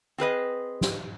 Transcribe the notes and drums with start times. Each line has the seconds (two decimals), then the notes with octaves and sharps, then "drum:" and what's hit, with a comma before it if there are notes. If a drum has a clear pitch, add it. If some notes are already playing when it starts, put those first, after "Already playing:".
0.18 C4 G#4 B4 D#5
0.81 drum: snare